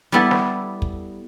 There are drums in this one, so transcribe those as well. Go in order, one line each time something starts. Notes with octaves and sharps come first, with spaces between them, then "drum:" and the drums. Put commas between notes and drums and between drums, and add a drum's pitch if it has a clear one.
G3 B3 E4 A4
drum: snare
drum: kick